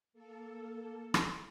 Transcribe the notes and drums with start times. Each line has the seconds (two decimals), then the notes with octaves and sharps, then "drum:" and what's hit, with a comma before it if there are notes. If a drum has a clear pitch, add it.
0.13 A#3 A4
1.14 drum: rim click